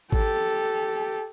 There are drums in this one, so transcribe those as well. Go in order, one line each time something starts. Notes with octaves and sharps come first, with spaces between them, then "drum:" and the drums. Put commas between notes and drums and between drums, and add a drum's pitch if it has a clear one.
G4 A4, drum: kick G#1